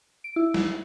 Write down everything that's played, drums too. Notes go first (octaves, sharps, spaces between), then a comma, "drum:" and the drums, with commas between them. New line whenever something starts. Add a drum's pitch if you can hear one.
D7
E4
drum: snare